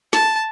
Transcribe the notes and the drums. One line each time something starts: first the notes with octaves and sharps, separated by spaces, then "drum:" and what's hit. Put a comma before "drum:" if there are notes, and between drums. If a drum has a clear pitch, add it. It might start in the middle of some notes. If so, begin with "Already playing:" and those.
A5, drum: snare